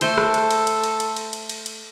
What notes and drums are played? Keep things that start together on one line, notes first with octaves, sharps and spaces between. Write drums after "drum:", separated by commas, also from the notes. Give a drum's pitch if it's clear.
A3 A4 C5 C6, drum: cymbal
drum: rim click
drum: cymbal
drum: cymbal
drum: cymbal
drum: cymbal
drum: cymbal
drum: cymbal
drum: cymbal
drum: cymbal
drum: cymbal